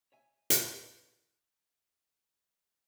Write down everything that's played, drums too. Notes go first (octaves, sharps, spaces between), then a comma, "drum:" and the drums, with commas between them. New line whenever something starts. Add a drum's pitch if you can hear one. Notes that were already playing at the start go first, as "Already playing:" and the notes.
C#5 E5 G#5
drum: hi-hat